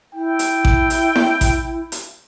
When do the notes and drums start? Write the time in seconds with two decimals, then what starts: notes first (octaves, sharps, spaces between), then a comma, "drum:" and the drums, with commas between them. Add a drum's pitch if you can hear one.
0.14 E4 G5
0.39 drum: hi-hat
0.65 drum: kick A1
0.90 drum: hi-hat
1.15 drum: snare E4
1.41 drum: kick A1, hi-hat
1.92 drum: hi-hat